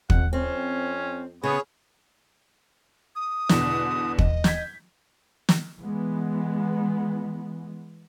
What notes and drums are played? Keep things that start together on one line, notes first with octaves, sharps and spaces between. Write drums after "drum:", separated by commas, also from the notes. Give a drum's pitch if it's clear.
F2 F#5, drum: kick
F2 C4 C#4
C#3 B3 G#4 C#5
D#6
E2 B2 D3, drum: snare
D#5, drum: kick
G6 G#6 B6, drum: snare
drum: snare
E3 G#3 B3